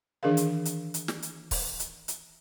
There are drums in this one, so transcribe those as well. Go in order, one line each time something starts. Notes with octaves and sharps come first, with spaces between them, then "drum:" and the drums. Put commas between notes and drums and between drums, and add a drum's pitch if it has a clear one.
D#3 E3 D4 G#4 A#4 F5
drum: hi-hat
drum: hi-hat
drum: hi-hat
drum: snare
drum: hi-hat
drum: kick C#1, open hi-hat
drum: hi-hat
drum: hi-hat